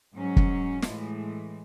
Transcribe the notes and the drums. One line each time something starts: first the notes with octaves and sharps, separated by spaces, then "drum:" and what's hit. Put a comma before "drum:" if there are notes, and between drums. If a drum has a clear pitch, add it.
G#2 F#3 C#4
drum: kick
A2 E3 G#3, drum: snare